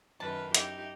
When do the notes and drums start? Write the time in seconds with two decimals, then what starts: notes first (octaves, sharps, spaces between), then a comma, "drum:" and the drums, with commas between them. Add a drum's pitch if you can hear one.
0.20 F#2 D#3 B4 A5
0.54 D#4 E4 G4, drum: hi-hat